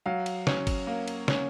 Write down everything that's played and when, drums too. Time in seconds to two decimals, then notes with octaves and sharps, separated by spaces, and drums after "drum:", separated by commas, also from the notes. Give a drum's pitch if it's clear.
0.06 F#3 F5
0.26 drum: cymbal
0.47 C#4, drum: snare
0.67 drum: kick, cymbal
0.87 A#3
1.08 drum: cymbal
1.28 C#4, drum: snare